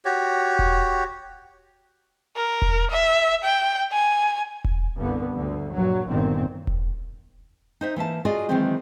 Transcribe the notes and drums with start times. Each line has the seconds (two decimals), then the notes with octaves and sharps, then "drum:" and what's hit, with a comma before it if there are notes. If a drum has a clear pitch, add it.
0.05 F#4 G4 C#5
0.59 drum: kick E1
2.36 A#4
2.62 drum: kick E1
2.91 E5
3.44 G5
3.92 G#5
4.64 drum: kick E1
4.99 C2 G2 D3 B3
5.33 D2 D3
5.74 A#1 G2 F#3
6.07 G1 A#2 D#3 C4
6.67 drum: kick E1
7.81 D#4 C5 E5
7.96 E3 A#3 E5 A5
8.25 F4 F#4 G#4 D5 D#5
8.49 D#3 E3 F#3 G#3 B3 C4